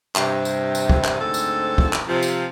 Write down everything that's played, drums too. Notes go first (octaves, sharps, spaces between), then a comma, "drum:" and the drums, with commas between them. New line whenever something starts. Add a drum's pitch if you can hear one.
G2 C3, drum: clap
drum: tambourine
drum: tambourine
drum: kick
drum: clap
D2 G#2 C4 A4
drum: tambourine
drum: kick
drum: clap
C3 F3
drum: tambourine